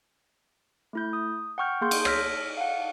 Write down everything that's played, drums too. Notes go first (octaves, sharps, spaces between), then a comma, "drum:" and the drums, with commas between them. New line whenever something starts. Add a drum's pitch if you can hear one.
A3 E4 G6
D#6
F#5 G5 C#6 F6 G6
A#3 G#4 C6 G6
drum: cymbal
C#5 E6 F6 A#6 B6, drum: rim click
F5 F#5